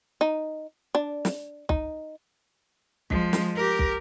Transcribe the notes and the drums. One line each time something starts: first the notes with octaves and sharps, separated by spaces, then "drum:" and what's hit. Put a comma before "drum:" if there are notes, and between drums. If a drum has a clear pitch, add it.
D#4
D4
drum: snare
D#4, drum: kick
F3 G#3, drum: kick
drum: snare
G4 A#4
drum: kick